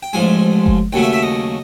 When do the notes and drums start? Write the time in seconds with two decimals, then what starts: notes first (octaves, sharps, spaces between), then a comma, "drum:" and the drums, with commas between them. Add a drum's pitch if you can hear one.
0.03 G5
0.13 A1 G#2 F3 G#3 G#5
0.66 drum: kick F#1
0.92 D#2 C#3 F#3 A3 G5
1.03 E5
1.13 E5
1.22 D#5